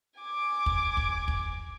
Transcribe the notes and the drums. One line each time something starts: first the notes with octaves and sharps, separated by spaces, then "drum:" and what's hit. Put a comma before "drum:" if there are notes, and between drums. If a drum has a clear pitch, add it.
G#5 D6
drum: kick
drum: kick
drum: kick